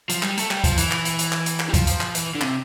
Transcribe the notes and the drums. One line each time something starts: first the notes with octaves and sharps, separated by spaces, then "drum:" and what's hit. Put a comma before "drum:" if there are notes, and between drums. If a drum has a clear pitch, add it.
F3, drum: hi-hat
G3, drum: clap
A3, drum: hi-hat
G3, drum: clap
F3, drum: kick C#2, hi-hat
E3, drum: hi-hat
drum: clap
drum: hi-hat
drum: hi-hat
drum: clap
drum: hi-hat
drum: clap
G3
F3, drum: kick C#2, hi-hat
drum: hi-hat
drum: clap
E3, drum: hi-hat
D3
C3, drum: clap